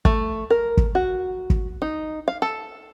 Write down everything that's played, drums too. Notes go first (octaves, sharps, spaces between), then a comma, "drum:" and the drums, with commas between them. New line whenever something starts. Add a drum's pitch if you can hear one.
A3, drum: kick
A#4
drum: kick
F#4
drum: kick
D#4
F5
A4